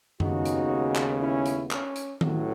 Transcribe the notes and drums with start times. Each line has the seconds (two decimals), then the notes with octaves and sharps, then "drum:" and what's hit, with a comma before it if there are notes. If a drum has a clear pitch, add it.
0.20 D#2 C#3 G#3 B3 D#4 F#4, drum: tom F#2
0.45 drum: hi-hat
0.96 drum: clap
1.20 C#4 E4
1.46 drum: hi-hat
1.71 C#4, drum: clap
1.96 drum: hi-hat
2.21 A1 A2 F#3, drum: tom D#3